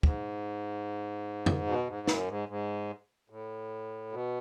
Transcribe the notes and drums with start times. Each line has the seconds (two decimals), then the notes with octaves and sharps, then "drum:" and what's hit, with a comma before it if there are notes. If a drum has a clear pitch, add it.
0.03 G#2, drum: kick
1.46 drum: tom F2
1.67 B2
1.88 G#2
2.08 F#2, drum: snare
2.28 G#2
2.49 G#2
3.30 A2
4.12 B2